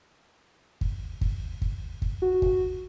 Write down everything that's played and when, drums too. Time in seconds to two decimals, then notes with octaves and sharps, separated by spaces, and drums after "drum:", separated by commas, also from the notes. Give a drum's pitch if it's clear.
0.81 drum: kick
1.21 drum: kick
1.62 drum: kick
2.02 drum: kick
2.22 F#4
2.42 drum: kick